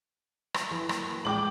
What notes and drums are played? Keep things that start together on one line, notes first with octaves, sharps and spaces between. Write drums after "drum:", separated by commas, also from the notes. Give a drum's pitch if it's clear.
drum: rim click
E3
F#3 A#3, drum: rim click
G#3 D5 G5 D6 F#7